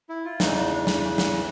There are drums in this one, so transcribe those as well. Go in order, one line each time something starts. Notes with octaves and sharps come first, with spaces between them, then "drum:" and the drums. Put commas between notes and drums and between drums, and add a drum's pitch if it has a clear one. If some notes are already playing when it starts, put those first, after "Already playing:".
E4
F4
E2 C#3 E3 D#4, drum: snare
D4
drum: snare
drum: snare